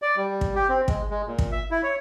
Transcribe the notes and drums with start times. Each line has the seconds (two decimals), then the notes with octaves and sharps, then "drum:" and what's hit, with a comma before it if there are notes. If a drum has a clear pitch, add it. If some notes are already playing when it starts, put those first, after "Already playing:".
0.02 D5
0.17 G3
0.41 drum: kick
0.55 G4
0.69 C4
0.88 G#3, drum: kick
1.10 G#3
1.27 A#2
1.39 drum: kick
1.52 E5
1.71 E4
1.83 C#5